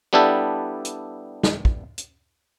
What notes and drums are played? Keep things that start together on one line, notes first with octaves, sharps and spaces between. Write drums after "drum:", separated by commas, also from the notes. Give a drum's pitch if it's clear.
G3 B3 D4 E4 G4 A4
drum: hi-hat
drum: snare
drum: kick
drum: hi-hat